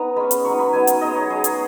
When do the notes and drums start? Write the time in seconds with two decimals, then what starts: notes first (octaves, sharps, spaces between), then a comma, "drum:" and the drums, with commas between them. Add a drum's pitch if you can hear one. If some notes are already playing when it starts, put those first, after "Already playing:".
Already playing: B3 D#4
0.16 G#3 C#4 B5
0.31 drum: hi-hat
0.45 F#3 B3 D#4 C#6
0.59 B5
0.73 F#3 B3 D#4 G#5
0.87 drum: hi-hat
1.01 G#3 B3 D#4 D#5
1.15 C#5
1.30 F#3 D#4 G#4
1.44 drum: hi-hat